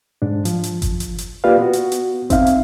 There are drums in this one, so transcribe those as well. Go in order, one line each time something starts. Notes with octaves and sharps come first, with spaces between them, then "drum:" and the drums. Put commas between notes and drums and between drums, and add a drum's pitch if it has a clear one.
G#2 D4
F3, drum: hi-hat
drum: hi-hat
drum: kick G1, hi-hat
drum: hi-hat
drum: hi-hat
A#3 F4 G4 B4 D5 F5
B3 F#4
drum: hi-hat
drum: hi-hat
C4 D#4 E5 F5, drum: kick G1, hi-hat
drum: hi-hat